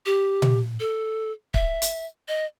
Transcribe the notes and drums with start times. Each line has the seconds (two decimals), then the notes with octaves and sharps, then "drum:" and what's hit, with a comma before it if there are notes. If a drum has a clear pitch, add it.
0.06 G4
0.42 drum: tom A#2
0.80 A4
1.54 E5, drum: kick
1.82 drum: hi-hat
2.28 D#5